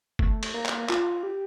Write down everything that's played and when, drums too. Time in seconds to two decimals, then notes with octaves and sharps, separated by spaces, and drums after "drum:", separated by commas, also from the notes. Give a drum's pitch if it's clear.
0.19 A3, drum: kick F#1
0.43 drum: cymbal
0.54 A#3
0.66 drum: clap
0.89 F4, drum: clap
1.23 G4